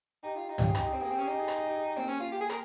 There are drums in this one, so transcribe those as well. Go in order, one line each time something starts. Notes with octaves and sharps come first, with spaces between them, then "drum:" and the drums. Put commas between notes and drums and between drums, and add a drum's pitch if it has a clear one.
D#4 G4
F4
D#4
F4 G4, drum: tom
G#4
D#4 G4, drum: rim click
G#4
C4 G4
A#3 G#4
C4 G4
C#4 G#4
D#4 G4
G#4
G4, drum: rim click
G#4
G4
G#4
G4
A#3 C4
C#4
F4
G4
G#4
A#4, drum: rim click